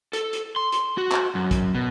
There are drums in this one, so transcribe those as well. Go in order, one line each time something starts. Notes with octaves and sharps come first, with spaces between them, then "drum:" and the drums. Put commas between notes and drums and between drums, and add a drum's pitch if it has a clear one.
A4, drum: hi-hat
drum: hi-hat
C6
drum: hi-hat
F#4
drum: clap
F#2
drum: kick, hi-hat
B2